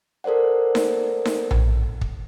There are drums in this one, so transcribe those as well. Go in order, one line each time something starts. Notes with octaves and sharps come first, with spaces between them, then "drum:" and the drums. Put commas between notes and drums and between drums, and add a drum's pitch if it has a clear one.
A4 A#4 C5 D5 F#5
drum: snare D#4
drum: snare D#4
drum: tom A#1
drum: kick